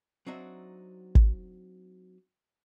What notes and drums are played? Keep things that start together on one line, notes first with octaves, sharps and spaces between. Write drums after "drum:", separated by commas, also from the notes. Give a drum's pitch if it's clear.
F#3 C4 D4 D#4 F#4 E5
drum: kick